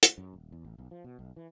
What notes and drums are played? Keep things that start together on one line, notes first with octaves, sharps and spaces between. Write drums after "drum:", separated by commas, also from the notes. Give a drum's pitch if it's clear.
drum: hi-hat
F#2
D#1
E2
A1
B1
F3
B2
B1
E3